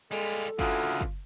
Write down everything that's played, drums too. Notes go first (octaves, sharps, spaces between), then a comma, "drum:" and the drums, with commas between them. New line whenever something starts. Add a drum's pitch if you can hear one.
G3 G#3 F4 A4
D2 C#3 E3 F4, drum: kick F#1
drum: kick F#1